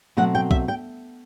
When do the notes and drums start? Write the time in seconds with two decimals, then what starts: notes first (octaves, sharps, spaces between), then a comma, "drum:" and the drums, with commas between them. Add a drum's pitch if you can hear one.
0.17 B2 F#3 A3 C4 F#5
0.35 G5
0.51 E5, drum: kick B1
0.68 G5